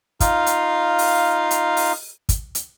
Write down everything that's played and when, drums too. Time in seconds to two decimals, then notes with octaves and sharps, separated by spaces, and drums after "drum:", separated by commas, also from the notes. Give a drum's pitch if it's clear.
0.20 D#4 F4 F5, drum: kick, hi-hat
0.46 drum: hi-hat
0.99 drum: open hi-hat
1.51 drum: hi-hat
1.77 drum: open hi-hat
2.29 drum: kick, hi-hat
2.55 drum: hi-hat